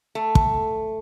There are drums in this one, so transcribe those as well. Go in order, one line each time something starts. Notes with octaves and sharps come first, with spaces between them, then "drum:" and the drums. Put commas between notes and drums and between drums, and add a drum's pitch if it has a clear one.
A3
drum: kick